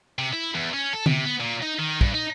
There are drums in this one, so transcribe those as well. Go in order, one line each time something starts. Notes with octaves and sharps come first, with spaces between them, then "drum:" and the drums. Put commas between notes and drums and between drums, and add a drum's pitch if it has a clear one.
C3
E4
E2
C#4
A4
C3, drum: tom D3
B3
A#2
D#4
D#3
G2, drum: kick
D#4